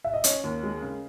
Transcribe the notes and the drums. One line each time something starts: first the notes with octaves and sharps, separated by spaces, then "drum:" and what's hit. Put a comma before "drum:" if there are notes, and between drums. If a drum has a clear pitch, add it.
E5
D#5
C#4 C#5, drum: hi-hat
D#2
G#3
C#3